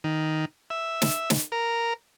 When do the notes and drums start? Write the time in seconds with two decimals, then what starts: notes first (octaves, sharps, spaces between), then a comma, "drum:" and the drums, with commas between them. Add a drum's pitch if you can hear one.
0.04 D#3
0.70 E5
1.02 drum: snare
1.30 drum: snare
1.52 A#4